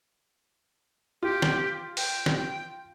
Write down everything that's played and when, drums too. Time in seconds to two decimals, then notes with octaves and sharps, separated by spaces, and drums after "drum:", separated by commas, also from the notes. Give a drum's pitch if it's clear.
1.23 F4 G4
1.42 drum: snare
1.97 G5, drum: open hi-hat
2.26 drum: snare